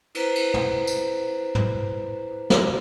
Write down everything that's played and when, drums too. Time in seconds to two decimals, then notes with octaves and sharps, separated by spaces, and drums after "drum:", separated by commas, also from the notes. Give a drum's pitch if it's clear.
0.15 E4 B4 C5 A#5, drum: cymbal
0.35 drum: cymbal
0.54 drum: tom
0.87 drum: tambourine
1.55 drum: tom
2.50 drum: snare